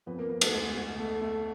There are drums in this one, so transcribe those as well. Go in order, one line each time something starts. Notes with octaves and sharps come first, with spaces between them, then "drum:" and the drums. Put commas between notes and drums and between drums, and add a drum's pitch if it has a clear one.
F2 B3 B4
A#3 A#4
F2 A#3 A#4
A3 A4, drum: cymbal
D2 G#3 G#4
D2
A3 A4
A3